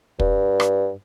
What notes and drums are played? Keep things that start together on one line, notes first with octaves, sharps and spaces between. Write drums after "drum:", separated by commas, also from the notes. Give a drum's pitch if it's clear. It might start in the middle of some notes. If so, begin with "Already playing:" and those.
G2, drum: kick
drum: rim click